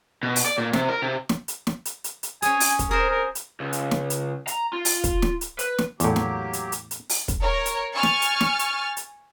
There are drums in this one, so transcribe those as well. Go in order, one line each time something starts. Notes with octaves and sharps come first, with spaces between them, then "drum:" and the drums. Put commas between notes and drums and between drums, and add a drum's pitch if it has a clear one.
B2
drum: open hi-hat
D5
A#2
C3, drum: snare
A#4
C3
drum: snare
drum: hi-hat
drum: snare
drum: hi-hat
drum: hi-hat
drum: hi-hat
C#4 G#4 G#5, drum: hi-hat
drum: open hi-hat
drum: kick, hi-hat
G#4 A#4 C5
A#4
drum: hi-hat
C#2
drum: hi-hat
drum: snare
drum: hi-hat
A#5, drum: hi-hat
F4
drum: open hi-hat
drum: kick, hi-hat
drum: snare
drum: hi-hat
B4, drum: hi-hat
drum: snare
E2 A2 F#3 A#3 G4, drum: hi-hat
drum: snare
drum: hi-hat
drum: hi-hat
drum: hi-hat
drum: open hi-hat
drum: kick, hi-hat
A#4 C#5
drum: hi-hat
G#5 C#6 F6 A6
drum: snare
drum: hi-hat
drum: snare
drum: hi-hat
drum: hi-hat